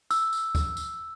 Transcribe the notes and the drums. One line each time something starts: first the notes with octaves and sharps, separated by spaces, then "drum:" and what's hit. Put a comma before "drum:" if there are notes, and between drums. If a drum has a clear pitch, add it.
E6, drum: tambourine
drum: tambourine
drum: kick, tambourine
drum: tambourine